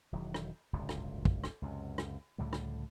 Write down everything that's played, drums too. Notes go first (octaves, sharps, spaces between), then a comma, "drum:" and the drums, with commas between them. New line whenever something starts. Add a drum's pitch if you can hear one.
E1 D#3 F#3
drum: rim click
D1 G1 C#2 A#2
drum: rim click
drum: kick
drum: rim click
C#2 F#2 C3
drum: rim click
C#2 A2 D3 G3
drum: rim click